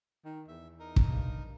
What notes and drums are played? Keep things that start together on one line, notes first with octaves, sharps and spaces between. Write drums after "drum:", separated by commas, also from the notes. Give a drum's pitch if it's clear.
D#3
E2 E5
D#4 A#4
drum: kick
G2